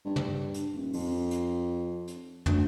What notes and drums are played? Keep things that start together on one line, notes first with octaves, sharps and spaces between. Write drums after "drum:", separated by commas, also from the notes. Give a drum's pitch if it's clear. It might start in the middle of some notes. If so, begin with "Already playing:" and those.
G2
drum: tom
drum: hi-hat
D#1
F2, drum: open hi-hat
drum: hi-hat
drum: hi-hat
D2, drum: tom